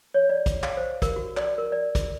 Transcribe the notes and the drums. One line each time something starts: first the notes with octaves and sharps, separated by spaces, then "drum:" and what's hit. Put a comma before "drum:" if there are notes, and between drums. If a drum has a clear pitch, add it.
C#5
D5
drum: kick, hi-hat
F5, drum: clap
C5
A#4, drum: kick, hi-hat
F#4
D5, drum: clap
A#4
D5
drum: kick, hi-hat